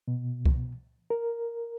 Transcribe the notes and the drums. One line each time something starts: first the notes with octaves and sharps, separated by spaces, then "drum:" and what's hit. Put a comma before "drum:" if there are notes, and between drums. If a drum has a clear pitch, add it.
B2
drum: kick C2
A#4